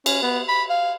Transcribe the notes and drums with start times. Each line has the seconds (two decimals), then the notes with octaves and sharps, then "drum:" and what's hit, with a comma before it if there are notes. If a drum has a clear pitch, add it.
0.06 C#4, drum: cymbal
0.22 B3
0.49 B5
0.70 F5